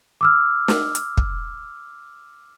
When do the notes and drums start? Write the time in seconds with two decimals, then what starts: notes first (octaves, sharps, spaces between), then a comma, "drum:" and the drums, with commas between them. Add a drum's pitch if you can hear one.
0.21 D6 E6 F6
0.68 drum: snare
0.95 drum: hi-hat
1.17 drum: kick